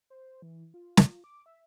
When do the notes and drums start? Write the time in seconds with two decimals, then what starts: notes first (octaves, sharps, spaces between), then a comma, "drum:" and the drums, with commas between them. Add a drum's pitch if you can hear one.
0.10 C5
0.42 E3
0.74 F4
0.97 drum: snare
1.24 D6
1.46 E5